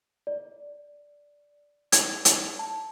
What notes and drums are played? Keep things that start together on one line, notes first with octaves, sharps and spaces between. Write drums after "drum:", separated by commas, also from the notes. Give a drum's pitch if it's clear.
D5
G#6, drum: hi-hat
drum: hi-hat
A5